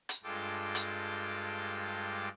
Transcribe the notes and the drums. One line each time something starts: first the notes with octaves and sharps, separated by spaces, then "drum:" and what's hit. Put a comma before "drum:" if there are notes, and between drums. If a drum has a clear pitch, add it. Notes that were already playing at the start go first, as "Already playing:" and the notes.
drum: hi-hat
G2 G#3 F4 A4 G5 D6
drum: hi-hat